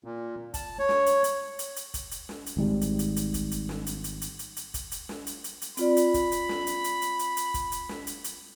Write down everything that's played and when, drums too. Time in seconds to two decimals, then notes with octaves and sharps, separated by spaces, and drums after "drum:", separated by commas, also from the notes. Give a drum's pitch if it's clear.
0.04 A#2
0.54 A5, drum: kick, hi-hat
0.79 C#5
0.89 drum: snare
1.06 drum: hi-hat
1.24 drum: hi-hat
1.59 drum: hi-hat
1.76 drum: hi-hat
1.94 drum: kick, hi-hat
2.11 drum: hi-hat
2.29 drum: snare
2.46 drum: hi-hat
2.57 G#1 G#2 G3
2.81 drum: hi-hat
2.99 drum: hi-hat
3.16 drum: hi-hat
3.34 drum: kick, hi-hat
3.51 drum: hi-hat
3.69 drum: snare
3.86 drum: hi-hat
4.04 drum: hi-hat
4.21 drum: hi-hat
4.39 drum: hi-hat
4.57 drum: hi-hat
4.74 drum: kick, hi-hat
4.92 drum: hi-hat
5.09 drum: snare
5.27 drum: hi-hat
5.44 drum: hi-hat
5.62 drum: hi-hat
5.77 C4 F4 D5 B5, drum: hi-hat
5.97 drum: hi-hat
6.14 drum: kick, hi-hat
6.32 drum: hi-hat
6.49 drum: snare
6.67 drum: hi-hat
6.84 drum: hi-hat
7.02 drum: hi-hat
7.19 drum: hi-hat
7.37 drum: hi-hat
7.54 drum: kick, hi-hat
7.72 drum: hi-hat
7.89 drum: snare
8.07 drum: hi-hat
8.24 drum: hi-hat